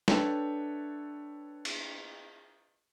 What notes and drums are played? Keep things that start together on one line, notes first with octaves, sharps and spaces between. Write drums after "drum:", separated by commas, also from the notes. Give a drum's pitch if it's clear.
D4 A4 B4 C#5 E5 G5, drum: snare
drum: cymbal